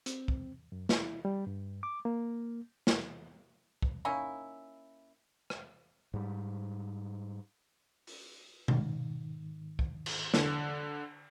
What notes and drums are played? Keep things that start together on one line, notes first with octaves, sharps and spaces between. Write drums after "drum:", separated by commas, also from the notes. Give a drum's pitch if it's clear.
C4, drum: hi-hat
drum: kick
F#2
E4, drum: snare
G3
G2
D6
A#3
drum: snare
drum: kick
A#3 C#4 D#4 E4
drum: rim click
G#2 G3
drum: open hi-hat
G#2 D#3, drum: tom B2
drum: kick
drum: cymbal
D3, drum: snare